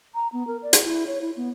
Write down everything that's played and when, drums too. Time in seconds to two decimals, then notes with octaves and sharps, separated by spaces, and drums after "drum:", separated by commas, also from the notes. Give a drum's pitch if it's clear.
0.15 A#5
0.33 B3
0.47 A#4
0.63 D5
0.73 drum: hi-hat
0.84 E4
1.07 C#5
1.22 E4
1.37 B3